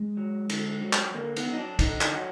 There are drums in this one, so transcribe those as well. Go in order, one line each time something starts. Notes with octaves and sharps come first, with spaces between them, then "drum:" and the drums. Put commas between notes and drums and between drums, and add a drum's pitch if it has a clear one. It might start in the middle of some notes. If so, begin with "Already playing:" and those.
Already playing: G#3
F#3
D3, drum: cymbal
F#3
drum: clap
D3 A#3
B3, drum: cymbal
F#3 D#4
D4
D3 D#4, drum: kick, cymbal
D#4, drum: clap
F#3